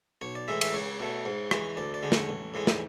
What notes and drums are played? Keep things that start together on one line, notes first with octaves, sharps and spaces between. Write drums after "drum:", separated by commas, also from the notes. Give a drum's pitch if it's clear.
B1 C#5
D5
A2 E3 G#3 E5
E5, drum: cymbal
C#2 C#5
B2 A3
G#2
E3 G#3, drum: rim click
D2 D5
D5
D3 G#3
C#5, drum: snare
A1
A2 E3 G#3
drum: snare